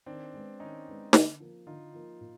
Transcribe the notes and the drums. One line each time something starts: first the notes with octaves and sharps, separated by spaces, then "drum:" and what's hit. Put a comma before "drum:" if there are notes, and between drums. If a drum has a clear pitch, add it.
D#3 C4 D4
G#3 B3
D#3 C#4 D#4
G#3 B3
D3, drum: snare
F3 A#3
D3 D#4 F4
F3 A#3
A#2